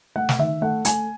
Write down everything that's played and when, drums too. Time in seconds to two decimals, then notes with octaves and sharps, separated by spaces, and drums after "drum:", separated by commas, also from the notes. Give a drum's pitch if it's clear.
0.16 A3 F#5
0.29 drum: snare
0.39 D#3 E5
0.61 A3 F#5
0.85 A3 G#5, drum: hi-hat